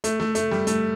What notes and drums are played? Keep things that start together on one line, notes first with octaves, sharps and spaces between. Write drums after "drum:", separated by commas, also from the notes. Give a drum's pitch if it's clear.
A3, drum: hi-hat
A3, drum: snare
A3, drum: hi-hat
G3, drum: snare
A3, drum: hi-hat